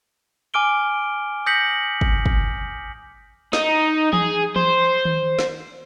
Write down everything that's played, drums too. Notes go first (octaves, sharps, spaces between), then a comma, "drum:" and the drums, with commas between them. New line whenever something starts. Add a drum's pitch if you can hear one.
G#5 D6 F6 D7 G7
D#6 G6 A#6 B6 C#7 F#7
drum: kick
drum: kick
D#4, drum: snare
G#4, drum: tom E3
C5, drum: tom E3
drum: tom D#3
drum: snare